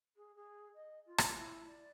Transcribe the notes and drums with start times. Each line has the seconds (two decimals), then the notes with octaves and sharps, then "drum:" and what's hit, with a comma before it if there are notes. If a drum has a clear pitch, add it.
0.16 G#4
0.35 G#4
0.74 D#5
1.06 F4
1.18 drum: rim click
1.36 E4
1.66 D5